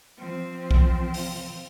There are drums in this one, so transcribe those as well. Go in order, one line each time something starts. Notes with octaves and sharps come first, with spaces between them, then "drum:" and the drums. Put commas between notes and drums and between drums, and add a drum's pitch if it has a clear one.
F3 C4
drum: kick B1
drum: open hi-hat